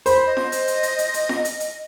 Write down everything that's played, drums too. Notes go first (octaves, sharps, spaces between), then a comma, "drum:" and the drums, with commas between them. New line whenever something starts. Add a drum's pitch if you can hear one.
C5 B5, drum: hi-hat
D#5
drum: snare
drum: hi-hat
drum: hi-hat
drum: hi-hat
drum: hi-hat
drum: hi-hat
drum: snare
drum: hi-hat
drum: hi-hat